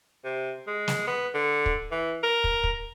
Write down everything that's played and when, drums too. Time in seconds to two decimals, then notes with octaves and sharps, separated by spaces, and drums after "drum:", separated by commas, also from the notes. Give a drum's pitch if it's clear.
0.24 C3
0.67 G#3
0.88 drum: snare
1.07 B3
1.34 D3
1.66 drum: kick
1.91 E3
2.23 A#4
2.44 drum: kick
2.64 drum: kick